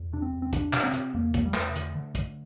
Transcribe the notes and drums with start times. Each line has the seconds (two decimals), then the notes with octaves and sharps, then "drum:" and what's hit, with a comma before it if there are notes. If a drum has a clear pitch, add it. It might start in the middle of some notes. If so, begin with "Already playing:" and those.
Already playing: E2
0.13 C3 D4
0.22 C4
0.33 E2
0.42 C4
0.53 C3 D4, drum: kick, hi-hat
0.73 C3, drum: clap
0.83 C4
0.93 C3, drum: hi-hat
1.14 E2 A#3
1.34 C3 A#3, drum: kick, hi-hat
1.46 G3
1.54 E2 A3, drum: clap
1.75 D3, drum: hi-hat
1.95 D3
2.15 D3, drum: kick, hi-hat